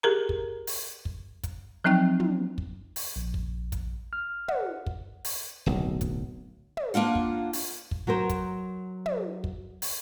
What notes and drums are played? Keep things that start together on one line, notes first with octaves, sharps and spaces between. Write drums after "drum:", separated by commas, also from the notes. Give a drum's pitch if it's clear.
G4 G#4 A#4 A#5
drum: kick
drum: open hi-hat
drum: kick
drum: kick, hi-hat
F3 F#3 C4 D#4 G5 F#6
drum: tom
drum: kick
drum: open hi-hat
A#1
drum: kick
drum: kick, hi-hat
F6
F#5, drum: tom
drum: kick
drum: open hi-hat
D1 B1
drum: kick, hi-hat
drum: tom
A#3 D4 F4 F#5
drum: kick
drum: open hi-hat
drum: kick
F#3 F#4 A#4 C5
drum: kick, hi-hat
drum: tom
drum: kick
drum: open hi-hat